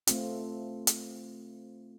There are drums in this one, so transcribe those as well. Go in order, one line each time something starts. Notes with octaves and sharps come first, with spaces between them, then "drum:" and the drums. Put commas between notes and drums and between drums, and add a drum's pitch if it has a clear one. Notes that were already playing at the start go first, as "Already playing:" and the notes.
A3 C4 F4, drum: hi-hat
drum: hi-hat